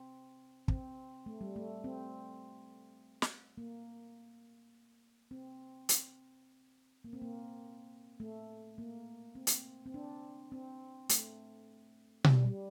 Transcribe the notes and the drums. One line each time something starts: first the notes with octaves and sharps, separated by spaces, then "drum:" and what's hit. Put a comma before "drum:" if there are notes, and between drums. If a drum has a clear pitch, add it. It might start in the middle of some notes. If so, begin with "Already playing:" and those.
Already playing: C4
C4, drum: kick
A3
G3
A3
C4
drum: snare
A#3
C4
drum: hi-hat
A#3
C4
A#3
A3
A#3
C4
drum: hi-hat
C4
D4
C4
A3, drum: hi-hat
G3, drum: tom B2
G3